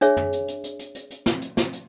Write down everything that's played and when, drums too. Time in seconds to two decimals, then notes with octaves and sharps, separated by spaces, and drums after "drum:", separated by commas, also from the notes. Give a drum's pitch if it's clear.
0.01 D4 G#4 C#5 E5, drum: hi-hat
0.17 drum: tom
0.32 drum: hi-hat
0.48 drum: hi-hat
0.64 drum: hi-hat
0.79 drum: hi-hat
0.95 drum: hi-hat
1.10 drum: hi-hat
1.26 drum: snare
1.42 drum: hi-hat
1.57 drum: snare
1.73 drum: hi-hat